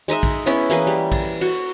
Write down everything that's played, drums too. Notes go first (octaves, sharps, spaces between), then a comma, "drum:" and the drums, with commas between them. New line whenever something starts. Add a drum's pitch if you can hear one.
G#3 D#4 D#5 E5
drum: kick, cymbal
B3 C#4 E4
E3 A#3 G#4 B4
G3
drum: kick, cymbal
F#4, drum: cymbal